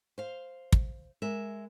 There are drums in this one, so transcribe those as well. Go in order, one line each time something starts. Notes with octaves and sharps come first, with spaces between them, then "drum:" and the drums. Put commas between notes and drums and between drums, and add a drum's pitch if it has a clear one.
C5 F5
drum: kick
G#3 A#4 E5